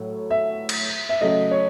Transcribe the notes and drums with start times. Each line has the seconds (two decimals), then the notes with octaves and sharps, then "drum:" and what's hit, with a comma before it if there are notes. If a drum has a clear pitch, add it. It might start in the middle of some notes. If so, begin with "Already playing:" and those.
Already playing: A2 F#3 A3
0.31 E5
0.69 drum: cymbal
1.09 E5
1.21 C#3 F#3 A3 D#5
1.51 C#5